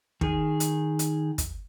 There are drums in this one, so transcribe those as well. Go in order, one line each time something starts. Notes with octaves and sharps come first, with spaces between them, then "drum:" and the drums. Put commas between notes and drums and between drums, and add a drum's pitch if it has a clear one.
D#3 G#4, drum: kick
drum: hi-hat
drum: hi-hat
drum: kick, hi-hat